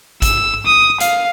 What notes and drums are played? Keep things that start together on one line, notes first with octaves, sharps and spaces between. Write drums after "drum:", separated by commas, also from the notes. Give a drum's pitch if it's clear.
E6, drum: kick A1, hi-hat
D#6
F5, drum: hi-hat